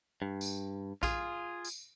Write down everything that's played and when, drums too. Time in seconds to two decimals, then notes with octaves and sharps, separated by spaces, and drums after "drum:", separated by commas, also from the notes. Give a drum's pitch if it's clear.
0.22 G2
0.41 drum: tambourine
1.03 F4 G#4, drum: kick A#1, tambourine
1.65 drum: tambourine